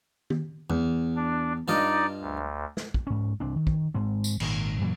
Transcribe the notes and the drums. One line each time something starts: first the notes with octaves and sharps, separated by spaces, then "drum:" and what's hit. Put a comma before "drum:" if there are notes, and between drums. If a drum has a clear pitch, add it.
drum: tom D#3
E2, drum: tom E2
D4
G2 D#4 F4 D5 D#5
D2
drum: snare
drum: kick
G#2 C#4
C2 C4 D4
D#3
drum: kick
G#2 G#3 C4
drum: tambourine
G#1 A#2 D#3, drum: cymbal
F#2 A#2 E3 F#3